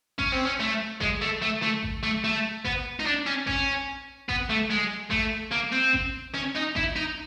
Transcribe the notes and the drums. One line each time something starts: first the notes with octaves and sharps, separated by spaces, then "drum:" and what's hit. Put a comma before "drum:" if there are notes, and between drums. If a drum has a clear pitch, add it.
C#4, drum: kick A1
C4
C#4
A3
G#3, drum: kick A1
A3
A3
A3
drum: kick A1
A3
A3
B3, drum: kick A1
D#4
D4
C#4
C#4, drum: kick A1
B3, drum: kick A1
A3
G#3
A3, drum: kick A1
A#3
C4
drum: kick A1
C#4
D#4
E4, drum: kick A1
D#4